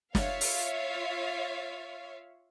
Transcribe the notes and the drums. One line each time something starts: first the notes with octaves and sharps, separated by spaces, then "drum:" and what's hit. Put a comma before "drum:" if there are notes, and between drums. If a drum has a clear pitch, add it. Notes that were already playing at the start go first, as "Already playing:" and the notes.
F4 C#5 E5 F5, drum: snare
drum: open hi-hat